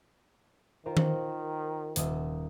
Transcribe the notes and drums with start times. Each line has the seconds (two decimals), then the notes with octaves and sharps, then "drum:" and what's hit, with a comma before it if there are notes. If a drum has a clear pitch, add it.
0.86 D#3 F4 A#4 C5
0.97 drum: tom D#3
1.96 D#1 D#5 E5, drum: hi-hat